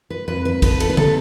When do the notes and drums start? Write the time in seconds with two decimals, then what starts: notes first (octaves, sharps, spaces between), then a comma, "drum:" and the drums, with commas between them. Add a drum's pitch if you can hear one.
0.10 B4
0.28 F2 B4
0.45 B4
0.62 F2 B4, drum: kick, cymbal
0.80 A4, drum: cymbal
0.90 B4
0.97 C3 A4, drum: tom